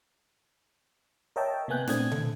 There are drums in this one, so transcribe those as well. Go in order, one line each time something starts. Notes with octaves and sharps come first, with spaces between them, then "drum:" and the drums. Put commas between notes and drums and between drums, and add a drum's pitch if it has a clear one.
A#4 C#5 D#5 E5 G5 A5
C3 A#3 B3 G#5 F#6 G6
A#2 A3 C4 D4 D#6 G#6, drum: snare
A4, drum: tom A#2